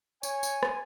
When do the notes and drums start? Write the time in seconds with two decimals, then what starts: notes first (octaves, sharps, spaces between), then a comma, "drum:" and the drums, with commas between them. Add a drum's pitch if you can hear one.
0.23 C#5 G#5, drum: tambourine
0.43 drum: tambourine
0.63 drum: rim click